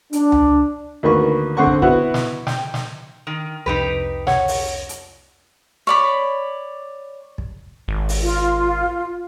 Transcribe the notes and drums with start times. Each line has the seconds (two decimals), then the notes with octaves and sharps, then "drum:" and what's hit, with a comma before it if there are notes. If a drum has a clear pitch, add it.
0.13 D4, drum: hi-hat
0.32 drum: tom C#2
1.03 D2 D#3 A#3 B4 C#6
1.57 D3 C4 F#5 C#6
1.67 drum: kick
1.82 B3 E4 F#4 F#5, drum: kick
2.14 drum: snare
2.47 G5, drum: snare
2.74 drum: snare
3.27 D#3
3.66 C2 F2 C3 D#4 G4 B4
4.27 C#5 F#5, drum: snare
4.48 drum: open hi-hat
4.89 drum: hi-hat
5.87 C#5 D5 B5
7.38 drum: kick
7.88 G#1
8.09 drum: open hi-hat
8.23 F4